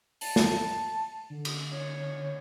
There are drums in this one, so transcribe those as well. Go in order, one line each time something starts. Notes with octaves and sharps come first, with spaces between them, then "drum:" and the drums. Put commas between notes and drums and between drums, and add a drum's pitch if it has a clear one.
A5, drum: open hi-hat
drum: snare
D3
drum: cymbal
C#5